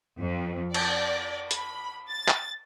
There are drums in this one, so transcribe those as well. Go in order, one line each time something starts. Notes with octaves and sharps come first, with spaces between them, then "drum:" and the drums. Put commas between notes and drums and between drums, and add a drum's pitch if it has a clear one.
F2
D5, drum: cymbal
B5, drum: hi-hat
A6
drum: clap